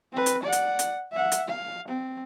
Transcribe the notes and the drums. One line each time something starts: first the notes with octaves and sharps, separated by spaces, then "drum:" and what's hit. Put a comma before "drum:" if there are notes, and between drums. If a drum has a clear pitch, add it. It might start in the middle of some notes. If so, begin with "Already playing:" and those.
C4 B4
drum: hi-hat
D5 F#5
drum: hi-hat
drum: hi-hat
E5 F#5
drum: hi-hat
F5
C4